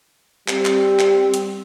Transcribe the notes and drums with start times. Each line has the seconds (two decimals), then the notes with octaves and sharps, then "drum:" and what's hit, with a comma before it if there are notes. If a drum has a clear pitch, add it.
0.48 G3 C4, drum: clap
0.65 drum: clap
0.99 drum: clap
1.34 drum: hi-hat